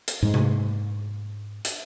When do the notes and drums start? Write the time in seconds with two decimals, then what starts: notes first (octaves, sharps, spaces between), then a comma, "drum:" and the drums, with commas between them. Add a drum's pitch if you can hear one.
0.08 drum: hi-hat
0.22 G#2 G#3
0.34 drum: tom C3
1.65 drum: hi-hat